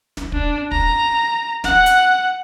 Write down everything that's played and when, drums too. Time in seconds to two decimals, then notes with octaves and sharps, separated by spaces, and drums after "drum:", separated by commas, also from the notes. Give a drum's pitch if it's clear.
0.17 drum: snare
0.32 D4, drum: kick
0.71 A#5, drum: kick
1.64 F#5, drum: snare
1.86 drum: hi-hat